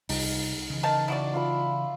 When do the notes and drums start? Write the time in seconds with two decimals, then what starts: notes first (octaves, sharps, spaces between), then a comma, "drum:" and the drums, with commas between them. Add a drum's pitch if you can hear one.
0.09 C2 G3 D#4, drum: open hi-hat
0.70 C#3 E3
0.83 D#3 F5 A5
1.08 E4 F#4 D5
1.34 F4 E5 B5